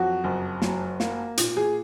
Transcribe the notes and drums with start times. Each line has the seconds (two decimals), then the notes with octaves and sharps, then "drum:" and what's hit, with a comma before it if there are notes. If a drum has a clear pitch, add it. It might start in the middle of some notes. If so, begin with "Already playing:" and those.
Already playing: F2 F#3 F#4
0.24 F#1
0.62 F#3, drum: snare
1.00 A#3, drum: snare
1.37 A#2, drum: hi-hat
1.57 G#4